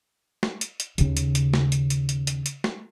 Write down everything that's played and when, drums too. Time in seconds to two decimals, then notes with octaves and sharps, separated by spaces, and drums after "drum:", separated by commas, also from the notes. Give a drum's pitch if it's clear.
0.43 drum: snare
0.61 drum: hi-hat
0.80 drum: hi-hat
0.98 D#2 C#3, drum: hi-hat
1.17 drum: hi-hat
1.35 drum: hi-hat
1.53 drum: snare
1.72 drum: hi-hat
1.90 drum: hi-hat
2.09 drum: hi-hat
2.27 drum: hi-hat
2.46 drum: hi-hat
2.64 drum: snare